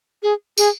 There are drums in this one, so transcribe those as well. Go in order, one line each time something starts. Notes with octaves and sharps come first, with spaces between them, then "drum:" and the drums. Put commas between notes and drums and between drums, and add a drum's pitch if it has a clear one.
G#4
G#4, drum: tambourine